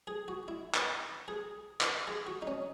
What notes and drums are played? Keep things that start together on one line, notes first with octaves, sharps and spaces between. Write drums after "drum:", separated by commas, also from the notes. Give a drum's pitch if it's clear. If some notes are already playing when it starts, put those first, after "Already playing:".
G#4
F#4
E4
drum: clap
G#4
drum: clap
G#4
F#4
D#4
C#4